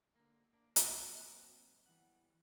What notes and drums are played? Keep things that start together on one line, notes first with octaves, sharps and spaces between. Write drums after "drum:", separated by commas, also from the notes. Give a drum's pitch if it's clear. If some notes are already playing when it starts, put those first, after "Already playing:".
D3 A#3
A#3 D4
D#3 F3 G#3 A3 C4, drum: hi-hat
F#3 A#3 C4 F#5
E3 G3 B3 F#5